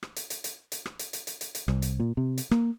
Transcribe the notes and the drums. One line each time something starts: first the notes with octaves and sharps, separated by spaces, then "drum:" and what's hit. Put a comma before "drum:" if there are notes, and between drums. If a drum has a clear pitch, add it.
drum: rim click
drum: hi-hat
drum: hi-hat
drum: hi-hat
drum: hi-hat
drum: rim click
drum: hi-hat
drum: hi-hat
drum: hi-hat
drum: hi-hat
drum: hi-hat
C2, drum: rim click
drum: hi-hat
A#2
C3
drum: hi-hat
A#3, drum: rim click